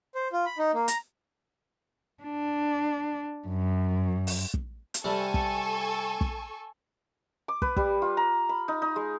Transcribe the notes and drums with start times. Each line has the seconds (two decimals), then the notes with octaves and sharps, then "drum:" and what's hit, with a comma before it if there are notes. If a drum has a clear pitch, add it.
0.15 C5
0.33 F4
0.46 B5
0.58 D#4
0.74 A#3
0.88 A#5, drum: hi-hat
2.23 D4
3.48 F#2
4.27 drum: open hi-hat
4.54 drum: kick
4.94 drum: hi-hat
5.04 C3 G3 A4 G#5 C#6
5.34 drum: kick
6.21 drum: kick
7.48 D6
7.62 B4, drum: kick
7.76 G3, drum: kick
8.02 F4
8.17 A#5
8.49 B5
8.68 D#4
8.82 D#4
8.96 G#3